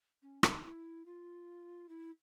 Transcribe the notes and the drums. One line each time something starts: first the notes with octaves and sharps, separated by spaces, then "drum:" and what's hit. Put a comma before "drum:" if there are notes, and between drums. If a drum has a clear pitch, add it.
C#4
D#4, drum: rim click
E4
F4
E4